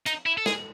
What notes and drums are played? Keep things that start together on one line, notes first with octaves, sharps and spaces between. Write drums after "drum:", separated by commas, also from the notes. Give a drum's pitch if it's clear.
D#4, drum: hi-hat
E4
A4
G#4, drum: snare